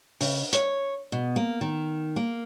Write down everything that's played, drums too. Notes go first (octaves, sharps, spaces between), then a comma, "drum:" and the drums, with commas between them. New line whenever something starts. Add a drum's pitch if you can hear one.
C#3, drum: open hi-hat
C#5, drum: hi-hat
B2
A#3
D#3
A#3